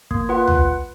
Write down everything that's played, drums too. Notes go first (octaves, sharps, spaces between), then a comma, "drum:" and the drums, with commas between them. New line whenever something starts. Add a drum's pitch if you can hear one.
A#3, drum: kick
F4 B4 F#5
drum: tom